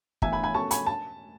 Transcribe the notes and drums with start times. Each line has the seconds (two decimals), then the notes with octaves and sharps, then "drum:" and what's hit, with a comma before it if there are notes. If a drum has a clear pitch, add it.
0.22 A2 E3 B3 E5 G#5, drum: kick
0.33 G#5 B5
0.43 G#5 B5
0.54 B2 A3 C#4 A5 C#6
0.71 G#5 B5, drum: hi-hat
0.87 A5